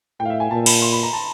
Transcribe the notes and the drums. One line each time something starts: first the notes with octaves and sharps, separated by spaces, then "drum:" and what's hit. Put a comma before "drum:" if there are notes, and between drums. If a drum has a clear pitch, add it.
A2 G5
F5
E5
G#5
A#2 A5
B5, drum: cymbal
C6
B5
A#5
A5